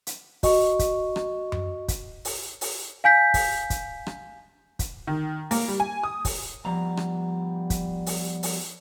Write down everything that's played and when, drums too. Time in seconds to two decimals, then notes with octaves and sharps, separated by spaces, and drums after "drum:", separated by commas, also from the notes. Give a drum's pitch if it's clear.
0.07 drum: hi-hat
0.43 F#4 D#5 C#6, drum: kick, open hi-hat
0.79 drum: kick, hi-hat
1.16 drum: rim click
1.52 drum: tom F#2
1.88 drum: kick, hi-hat
2.25 drum: open hi-hat
2.61 drum: open hi-hat
3.04 F5 G#5 G6 B6
3.34 drum: kick, open hi-hat
3.70 drum: kick, hi-hat
4.07 drum: rim click
4.79 drum: kick, hi-hat
5.07 D#3
5.51 A#3, drum: open hi-hat
5.68 G3
5.80 G#5
6.03 D#6
6.25 drum: kick, open hi-hat
6.65 F3 G3 B3 A#5
6.97 drum: rim click
7.70 drum: kick, hi-hat
8.06 drum: open hi-hat
8.43 drum: open hi-hat